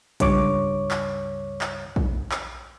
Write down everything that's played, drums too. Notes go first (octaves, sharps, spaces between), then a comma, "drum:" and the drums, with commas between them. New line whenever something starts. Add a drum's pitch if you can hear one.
C#2 G2 C#5 D6, drum: kick A#1, hi-hat
drum: clap
drum: clap
drum: kick A#1
drum: clap